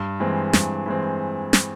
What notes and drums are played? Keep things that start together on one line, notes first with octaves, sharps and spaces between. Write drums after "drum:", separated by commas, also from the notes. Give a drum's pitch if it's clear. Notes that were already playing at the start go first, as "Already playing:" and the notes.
Already playing: G2
E3 G#3 C4
G2, drum: snare
E3 G#3 C4
drum: snare